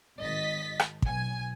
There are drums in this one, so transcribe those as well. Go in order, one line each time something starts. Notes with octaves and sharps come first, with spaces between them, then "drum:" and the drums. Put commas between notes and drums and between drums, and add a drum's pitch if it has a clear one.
G#1 D#5 A6 B6
drum: rim click
B1 G#5, drum: kick